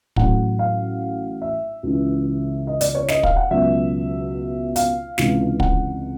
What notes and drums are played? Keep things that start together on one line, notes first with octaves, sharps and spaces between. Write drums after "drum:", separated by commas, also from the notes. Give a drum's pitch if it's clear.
A1 A2 F#3 F#5, drum: kick
F5
E5
C#2 C#3 E3 G#3
D#5
D5, drum: hi-hat
C#5
D#5, drum: snare
F5, drum: kick
F#5
C#2 B2 F#3 E5
F5, drum: hi-hat
C#2 C3 E3 G#3, drum: snare
F#5, drum: kick